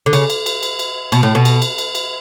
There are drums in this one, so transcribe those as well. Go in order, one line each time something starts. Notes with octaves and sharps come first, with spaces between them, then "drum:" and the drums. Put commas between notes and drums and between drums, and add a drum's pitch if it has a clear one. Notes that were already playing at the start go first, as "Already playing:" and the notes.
D3
C#3, drum: cymbal
drum: cymbal
drum: cymbal
drum: cymbal
drum: cymbal
B2, drum: cymbal
A2
B2
drum: cymbal
drum: cymbal
drum: cymbal
drum: cymbal